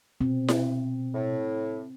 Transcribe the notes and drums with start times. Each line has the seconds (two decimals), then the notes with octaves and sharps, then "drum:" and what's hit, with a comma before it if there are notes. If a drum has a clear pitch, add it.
0.21 B2 C4
0.48 drum: snare E4
1.13 A2